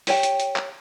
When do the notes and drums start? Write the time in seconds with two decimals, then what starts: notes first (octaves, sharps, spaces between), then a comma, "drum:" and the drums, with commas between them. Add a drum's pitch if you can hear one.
0.07 G4 C#5 G5, drum: open hi-hat
0.23 drum: hi-hat
0.40 drum: hi-hat
0.56 drum: clap